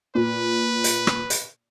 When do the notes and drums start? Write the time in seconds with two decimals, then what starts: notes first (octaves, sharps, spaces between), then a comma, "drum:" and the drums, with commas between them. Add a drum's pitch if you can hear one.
0.15 A#2 B4
0.84 drum: hi-hat
1.07 drum: rim click
1.30 drum: hi-hat